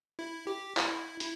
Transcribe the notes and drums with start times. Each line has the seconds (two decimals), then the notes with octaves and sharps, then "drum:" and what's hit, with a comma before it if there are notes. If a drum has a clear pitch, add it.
0.19 E4
0.47 G4
0.77 E4, drum: clap
1.20 E4, drum: hi-hat